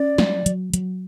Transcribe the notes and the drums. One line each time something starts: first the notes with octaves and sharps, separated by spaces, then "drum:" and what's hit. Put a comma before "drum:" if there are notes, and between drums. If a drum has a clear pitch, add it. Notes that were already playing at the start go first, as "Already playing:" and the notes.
Already playing: C#4 D5
F#3, drum: snare
F#3, drum: hi-hat
F#3, drum: hi-hat